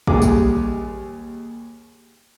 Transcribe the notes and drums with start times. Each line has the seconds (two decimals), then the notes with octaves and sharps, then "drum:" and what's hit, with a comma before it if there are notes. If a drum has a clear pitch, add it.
0.07 D#2 G3 G#3 G#4 D6, drum: kick
0.22 drum: tambourine